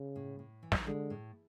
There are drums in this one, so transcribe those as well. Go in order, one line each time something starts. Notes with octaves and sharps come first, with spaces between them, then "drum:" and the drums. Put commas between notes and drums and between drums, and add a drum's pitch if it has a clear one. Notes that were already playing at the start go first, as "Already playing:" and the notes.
Already playing: C#3
A2
A2
E3
drum: snare
D3 G#3
A2